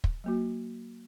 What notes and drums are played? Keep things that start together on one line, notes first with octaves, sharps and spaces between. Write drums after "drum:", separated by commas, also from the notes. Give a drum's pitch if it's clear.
drum: kick
F#3 A#3 F#4